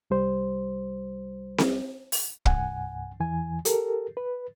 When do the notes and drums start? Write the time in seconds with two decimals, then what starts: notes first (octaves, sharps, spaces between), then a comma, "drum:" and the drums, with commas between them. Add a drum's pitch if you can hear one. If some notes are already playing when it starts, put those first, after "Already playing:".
0.10 C2 G3 C5
1.58 drum: snare C4
2.12 drum: open hi-hat
2.46 C2 G2 F#5 G#5, drum: kick
3.20 E2 E3 G#5
3.65 G4 A4 A#4, drum: hi-hat
4.17 B4